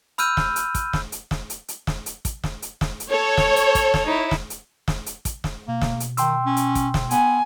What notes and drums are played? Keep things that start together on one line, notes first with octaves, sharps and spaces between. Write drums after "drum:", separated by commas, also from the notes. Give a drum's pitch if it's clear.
B5 E6 F6 G6 D#7, drum: hi-hat
drum: snare
drum: hi-hat
drum: kick, hi-hat
drum: snare
drum: hi-hat
drum: snare
drum: hi-hat
drum: hi-hat
drum: snare
drum: hi-hat
drum: kick, hi-hat
drum: snare
drum: hi-hat
drum: snare
drum: hi-hat
A4 C#5
drum: snare
drum: hi-hat
drum: kick, hi-hat
drum: snare
D#4 E4
drum: snare
drum: hi-hat
drum: snare
drum: hi-hat
drum: kick, hi-hat
drum: snare
B2 A#3
drum: snare
drum: hi-hat
D#3 G5 C6 E6, drum: hi-hat
C#4
drum: hi-hat
drum: kick, hi-hat
drum: snare
B3 G#5, drum: hi-hat